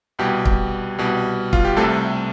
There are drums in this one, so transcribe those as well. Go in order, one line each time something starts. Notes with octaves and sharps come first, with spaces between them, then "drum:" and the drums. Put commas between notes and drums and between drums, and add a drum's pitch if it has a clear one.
C2 B2 G3 G4
drum: kick
C2 B2 G3
F4, drum: kick
G4
C2 C3 G3 A3 A4